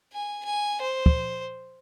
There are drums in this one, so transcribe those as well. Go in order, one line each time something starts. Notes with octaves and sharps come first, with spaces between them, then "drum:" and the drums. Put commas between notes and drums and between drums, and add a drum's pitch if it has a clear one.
G#5
G#5
C5
drum: kick